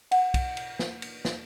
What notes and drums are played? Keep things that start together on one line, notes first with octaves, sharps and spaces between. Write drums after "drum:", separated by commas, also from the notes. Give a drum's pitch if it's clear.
F#5, drum: cymbal
drum: kick B1, cymbal
drum: cymbal
drum: snare
drum: cymbal
drum: snare